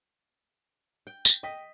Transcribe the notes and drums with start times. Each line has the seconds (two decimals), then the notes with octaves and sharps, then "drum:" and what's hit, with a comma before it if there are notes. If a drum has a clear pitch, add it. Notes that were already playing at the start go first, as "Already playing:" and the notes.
1.07 G5
1.25 drum: tambourine
1.43 D#5 G5 B6